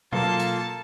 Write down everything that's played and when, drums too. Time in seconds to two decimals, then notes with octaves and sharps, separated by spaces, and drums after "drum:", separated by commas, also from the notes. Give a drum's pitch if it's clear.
0.13 F#3 A#3 F4 A4 A5, drum: tom
0.40 drum: hi-hat